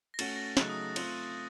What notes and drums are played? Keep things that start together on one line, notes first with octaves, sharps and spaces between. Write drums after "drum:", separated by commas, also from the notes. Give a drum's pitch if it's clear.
A#6
A3 C#4 F#4 A6, drum: cymbal
A#6
A6
C#3 F#3 A3 D#4 F#6, drum: snare
D#6
A3 C4 F4 C5, drum: cymbal